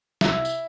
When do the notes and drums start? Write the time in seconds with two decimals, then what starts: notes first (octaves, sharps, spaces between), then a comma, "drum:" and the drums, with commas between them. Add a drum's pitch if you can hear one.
0.21 C2 E4 E5, drum: snare
0.45 drum: tambourine